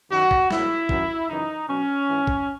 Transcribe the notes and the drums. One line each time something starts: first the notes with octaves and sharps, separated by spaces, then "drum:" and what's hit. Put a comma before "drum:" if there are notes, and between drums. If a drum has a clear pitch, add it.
F#2 D#3 F#3 F#4
drum: kick
A#2 F#3 E4, drum: snare
F#2 D#3 F#3, drum: kick
F#2 C#3 E3 D#4
B2 F#3 C#4
G#2 E3
drum: kick